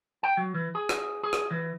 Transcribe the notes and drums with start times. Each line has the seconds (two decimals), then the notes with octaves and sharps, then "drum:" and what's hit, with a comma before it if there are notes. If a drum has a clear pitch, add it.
0.23 G5
0.37 F#3
0.54 E3
0.75 G#4
0.89 drum: rim click
1.23 G#4
1.33 drum: rim click
1.51 E3